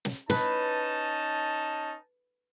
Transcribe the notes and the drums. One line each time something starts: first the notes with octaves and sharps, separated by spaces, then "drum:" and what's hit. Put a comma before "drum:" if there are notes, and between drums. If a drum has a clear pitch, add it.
drum: snare
C#4 D#4 B4 A5, drum: snare